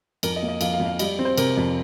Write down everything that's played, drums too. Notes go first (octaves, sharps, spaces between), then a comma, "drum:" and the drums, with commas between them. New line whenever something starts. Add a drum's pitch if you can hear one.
F2 A#4, drum: cymbal
D#5
A#3
D#5
F2 F5, drum: cymbal
F5
F2
F5
G3 D#5, drum: cymbal
C4
C5
C3 A#4, drum: cymbal
F2